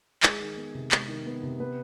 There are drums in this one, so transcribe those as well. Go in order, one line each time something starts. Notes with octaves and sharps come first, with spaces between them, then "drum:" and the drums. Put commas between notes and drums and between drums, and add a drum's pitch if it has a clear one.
G#3 G#4, drum: clap
D#3
B3
C3
G#3, drum: clap
D#3
B3
C3
B3 B4